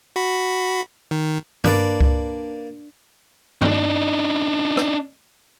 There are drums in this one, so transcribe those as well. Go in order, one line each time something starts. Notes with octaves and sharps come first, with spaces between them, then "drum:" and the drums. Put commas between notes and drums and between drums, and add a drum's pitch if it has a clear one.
F#4 B5
D#3
A#3 D4 B4 D5, drum: tom G2
drum: kick C#2
D4 D#4, drum: tom
drum: rim click